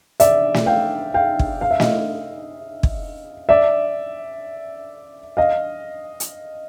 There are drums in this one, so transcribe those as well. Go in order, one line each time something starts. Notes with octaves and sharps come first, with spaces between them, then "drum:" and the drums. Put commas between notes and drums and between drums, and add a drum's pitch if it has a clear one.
D5 E5, drum: hi-hat
drum: snare
F5 G5
F5 G5
drum: kick
F5
E5
D#5 F5, drum: snare
drum: kick
D5 E5
D#5 F5
drum: hi-hat